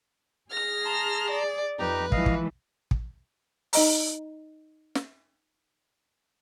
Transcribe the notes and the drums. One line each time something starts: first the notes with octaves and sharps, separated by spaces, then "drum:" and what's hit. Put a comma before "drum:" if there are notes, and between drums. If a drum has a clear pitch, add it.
G#4 F6 A#6
A5 A#5 C6
D5
F2 D#4 G4 B4 A#5
E3 F3 G#3 D#5 F5, drum: kick
drum: kick
drum: kick
D#4 D#5 A#5, drum: open hi-hat
drum: snare